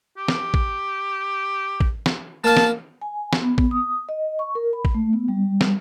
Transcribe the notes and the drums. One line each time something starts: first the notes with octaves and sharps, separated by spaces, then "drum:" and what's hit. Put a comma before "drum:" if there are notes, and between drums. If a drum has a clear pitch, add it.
G4
drum: snare
drum: kick
drum: kick
drum: snare
A#3 F5 A5
drum: snare
G#5
drum: snare
B3
drum: kick
D#6
D#5
C#6
A#4
B5
drum: kick
A3
B3
G3
drum: snare